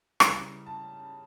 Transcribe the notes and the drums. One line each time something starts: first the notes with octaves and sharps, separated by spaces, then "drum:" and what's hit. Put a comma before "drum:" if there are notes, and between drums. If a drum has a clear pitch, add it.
C#3 E3 G3 A#5, drum: rim click
A5